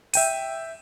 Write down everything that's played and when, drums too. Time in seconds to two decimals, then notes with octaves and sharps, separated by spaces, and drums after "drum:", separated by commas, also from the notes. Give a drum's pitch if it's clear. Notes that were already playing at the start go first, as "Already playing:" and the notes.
0.14 E5 G5 D#7, drum: open hi-hat